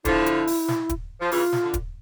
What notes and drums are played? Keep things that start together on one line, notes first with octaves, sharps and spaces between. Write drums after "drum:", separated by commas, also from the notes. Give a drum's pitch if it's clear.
D3 F3 E4, drum: kick, hi-hat
drum: hi-hat
drum: open hi-hat
drum: snare
drum: kick, hi-hat
F3
C#3 E3 F4, drum: open hi-hat
drum: snare
D3
drum: kick, hi-hat